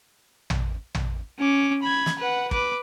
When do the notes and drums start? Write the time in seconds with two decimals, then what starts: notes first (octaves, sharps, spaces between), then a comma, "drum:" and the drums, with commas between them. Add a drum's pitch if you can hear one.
0.50 drum: tom
0.95 drum: tom
1.39 C#4 D6
1.82 B5 G#6
2.06 drum: snare
2.19 B4 F#5
2.51 B4 D6, drum: kick